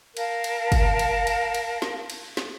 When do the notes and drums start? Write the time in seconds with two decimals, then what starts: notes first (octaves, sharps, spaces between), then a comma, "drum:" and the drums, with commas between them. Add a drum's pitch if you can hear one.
0.17 A#4 F5 A5, drum: cymbal
0.44 drum: cymbal
0.72 drum: kick, cymbal
0.99 drum: cymbal
1.27 drum: cymbal
1.54 drum: cymbal
1.82 drum: snare
2.10 drum: cymbal
2.37 drum: snare